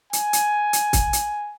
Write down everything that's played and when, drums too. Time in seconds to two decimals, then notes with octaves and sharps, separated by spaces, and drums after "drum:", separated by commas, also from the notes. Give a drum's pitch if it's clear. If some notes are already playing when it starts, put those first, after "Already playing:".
0.13 G#5, drum: hi-hat
0.33 drum: hi-hat
0.73 drum: hi-hat
0.93 drum: kick, hi-hat
1.13 drum: hi-hat